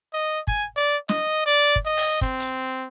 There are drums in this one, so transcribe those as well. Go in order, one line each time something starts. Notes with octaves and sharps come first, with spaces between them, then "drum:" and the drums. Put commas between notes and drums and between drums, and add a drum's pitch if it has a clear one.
D#5
G#5, drum: kick
D5
D#5, drum: snare
D5
drum: kick
D#5
drum: open hi-hat
C4, drum: kick
drum: hi-hat